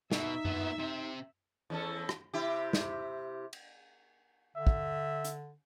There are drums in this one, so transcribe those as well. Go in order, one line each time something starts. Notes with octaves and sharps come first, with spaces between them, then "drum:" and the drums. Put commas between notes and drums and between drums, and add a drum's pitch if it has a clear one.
B2 D#4 E5, drum: snare
A#2 B3, drum: tom F#2
C3 C4
E2 C#4 A4
drum: rim click
C3 E4 G4
drum: snare
drum: cymbal
D3 E5
drum: kick
drum: hi-hat